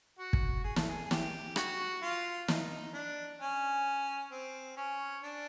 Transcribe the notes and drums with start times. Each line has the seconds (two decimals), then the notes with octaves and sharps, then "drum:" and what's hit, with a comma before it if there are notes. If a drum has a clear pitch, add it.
0.19 F#4
0.33 drum: kick
0.64 G#4
0.76 A4, drum: snare
0.89 G#4
1.05 G#4
1.11 G4, drum: snare
1.56 F#4, drum: rim click
2.02 F4
2.48 D#4, drum: snare
2.94 D4
3.40 C#4
4.31 C4
4.77 C#4
5.23 D4